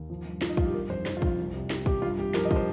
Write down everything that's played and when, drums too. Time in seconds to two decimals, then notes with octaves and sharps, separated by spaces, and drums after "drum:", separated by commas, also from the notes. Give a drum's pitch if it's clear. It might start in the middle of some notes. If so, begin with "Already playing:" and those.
Already playing: D#2
0.10 F3
0.25 G2
0.41 F3 F4, drum: snare
0.49 D#4
0.57 G2 F4, drum: kick
0.66 G4
0.74 D#3 A#4
0.89 F2 C5
1.06 F2 C5, drum: snare
1.17 F4
1.22 F2, drum: kick
1.27 F4
1.38 C2
1.54 C3
1.70 C3, drum: snare
1.86 C3 G4, drum: kick
2.02 G2 F4
2.18 G2 G4
2.34 F3 A#4, drum: snare
2.45 D#5
2.51 F3, drum: kick
2.56 C5